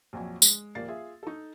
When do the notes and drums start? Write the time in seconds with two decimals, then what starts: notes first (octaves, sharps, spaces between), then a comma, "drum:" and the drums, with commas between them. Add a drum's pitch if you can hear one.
0.13 A#1 F2 F#3 G#5
0.42 G#3, drum: tambourine
0.75 D#1 F3 A#3 D5 A6 C7
0.88 F4 G#4 E5
1.23 D#4 A4